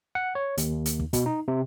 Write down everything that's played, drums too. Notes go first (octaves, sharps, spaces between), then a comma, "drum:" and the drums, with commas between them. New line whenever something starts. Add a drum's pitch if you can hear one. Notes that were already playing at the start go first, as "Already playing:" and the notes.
F#5
C#5
D#2, drum: hi-hat
drum: hi-hat
drum: kick
B2, drum: kick, hi-hat
D#4
C3